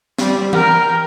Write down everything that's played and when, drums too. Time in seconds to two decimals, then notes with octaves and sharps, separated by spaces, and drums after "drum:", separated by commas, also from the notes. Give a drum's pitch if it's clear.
0.18 G3 C4, drum: snare
0.53 A#4 G5, drum: tom E3